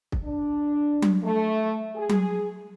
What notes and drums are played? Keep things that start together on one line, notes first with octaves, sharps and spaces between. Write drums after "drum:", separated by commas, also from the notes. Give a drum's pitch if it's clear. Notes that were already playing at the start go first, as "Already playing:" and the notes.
drum: kick
D4
drum: tom F#3
A3
G#4
drum: tom F#3